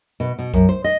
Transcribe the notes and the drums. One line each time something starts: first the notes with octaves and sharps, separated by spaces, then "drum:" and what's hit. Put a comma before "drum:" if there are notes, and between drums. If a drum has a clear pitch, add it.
B2
B2
F#2, drum: kick B1
C5
D#5